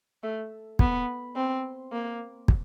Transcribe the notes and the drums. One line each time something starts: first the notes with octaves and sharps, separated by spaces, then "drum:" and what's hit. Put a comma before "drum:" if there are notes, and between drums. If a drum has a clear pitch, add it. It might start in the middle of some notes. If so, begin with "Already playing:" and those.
A3
B3, drum: kick
C4
A#3
drum: kick